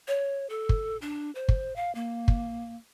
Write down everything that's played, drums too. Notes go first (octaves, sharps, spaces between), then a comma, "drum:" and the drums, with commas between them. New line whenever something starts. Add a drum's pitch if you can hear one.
C#5
A4
drum: kick
D4
C5
drum: kick
F5
A#3
drum: kick